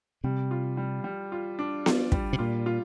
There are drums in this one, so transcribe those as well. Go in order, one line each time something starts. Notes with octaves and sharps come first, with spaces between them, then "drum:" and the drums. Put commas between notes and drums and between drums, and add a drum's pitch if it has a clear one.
C3 G3
F4
G3
G3
F4
D4
F4, drum: snare B3
G3, drum: kick
C3
A#2 F4
F4